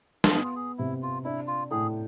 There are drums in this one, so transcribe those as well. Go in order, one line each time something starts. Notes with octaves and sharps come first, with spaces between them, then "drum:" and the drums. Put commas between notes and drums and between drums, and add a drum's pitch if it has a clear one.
F4, drum: snare
B3 G#4
F4
G#4
C3 E4
F4
D4 E4
F4
A2 G#4